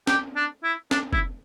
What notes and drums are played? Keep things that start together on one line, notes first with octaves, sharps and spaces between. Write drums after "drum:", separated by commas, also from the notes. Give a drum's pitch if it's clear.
G4, drum: snare
D4
E4
D4, drum: snare
E4, drum: kick